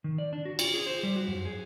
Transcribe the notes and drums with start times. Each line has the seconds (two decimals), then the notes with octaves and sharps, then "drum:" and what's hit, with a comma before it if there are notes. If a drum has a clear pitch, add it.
0.04 D#3
0.18 D5
0.33 D4
0.45 F#4
0.59 F4, drum: cymbal
0.74 G#4
0.87 C5
1.03 G3
1.16 F#4
1.28 F#2
1.46 G#4